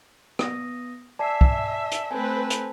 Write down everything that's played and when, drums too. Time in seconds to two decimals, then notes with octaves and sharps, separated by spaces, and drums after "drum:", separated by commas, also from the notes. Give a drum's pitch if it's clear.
0.39 B3 D#6 A#6, drum: rim click
1.19 D5 E5 G#5 A5 C7
1.41 drum: kick
1.92 drum: hi-hat
2.11 A3 C4 B4 G#5
2.50 drum: hi-hat